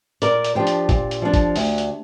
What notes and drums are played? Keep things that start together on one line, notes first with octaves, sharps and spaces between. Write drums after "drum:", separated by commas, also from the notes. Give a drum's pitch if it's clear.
A#2 A#4 D5, drum: hi-hat
drum: hi-hat
F3 D4 G4 C5
drum: hi-hat
A#2, drum: kick, hi-hat
drum: hi-hat
F3 D4
drum: kick, hi-hat
D2, drum: open hi-hat
drum: hi-hat